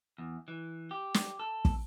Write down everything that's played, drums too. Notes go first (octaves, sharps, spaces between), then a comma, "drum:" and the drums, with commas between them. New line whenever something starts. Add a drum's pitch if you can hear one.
E2
E3
G4
drum: snare
A4
drum: kick